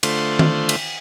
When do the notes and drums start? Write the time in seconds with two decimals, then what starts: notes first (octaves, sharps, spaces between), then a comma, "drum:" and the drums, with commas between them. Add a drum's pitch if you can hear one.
0.03 D3 A3 F4 C5, drum: cymbal
0.39 drum: tom D#3
0.69 drum: cymbal